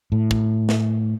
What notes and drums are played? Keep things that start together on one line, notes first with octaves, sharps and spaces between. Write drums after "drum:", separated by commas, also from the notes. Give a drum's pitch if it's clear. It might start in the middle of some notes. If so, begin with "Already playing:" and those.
A2
drum: kick
drum: snare